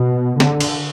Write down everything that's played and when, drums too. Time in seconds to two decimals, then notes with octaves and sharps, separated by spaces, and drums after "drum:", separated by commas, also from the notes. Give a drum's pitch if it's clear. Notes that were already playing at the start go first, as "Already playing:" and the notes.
Already playing: B2
0.40 D3, drum: snare
0.60 drum: cymbal